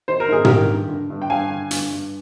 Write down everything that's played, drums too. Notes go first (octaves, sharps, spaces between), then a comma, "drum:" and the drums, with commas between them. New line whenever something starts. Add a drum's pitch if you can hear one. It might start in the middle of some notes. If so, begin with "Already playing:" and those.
D#3 C5
A#4
G#2 G#4
D#3 G4 A#4, drum: tom
G2
D3
G2
G5
G2 F5 G#5
D3
G2, drum: hi-hat
G2